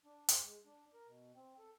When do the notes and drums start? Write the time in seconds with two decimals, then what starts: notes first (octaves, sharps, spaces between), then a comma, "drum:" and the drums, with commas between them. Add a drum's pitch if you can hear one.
0.05 D4
0.29 C5, drum: hi-hat
0.44 G#3
0.65 D4
0.94 A#4
1.08 B2
1.35 C4
1.59 A4